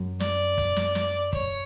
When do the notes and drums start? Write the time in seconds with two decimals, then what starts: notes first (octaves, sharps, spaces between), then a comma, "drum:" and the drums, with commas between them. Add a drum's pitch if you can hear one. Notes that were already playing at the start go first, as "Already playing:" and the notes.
Already playing: F#2
0.20 D5, drum: snare
0.58 drum: kick, hi-hat
0.76 drum: snare
0.95 drum: snare
1.33 C#5, drum: kick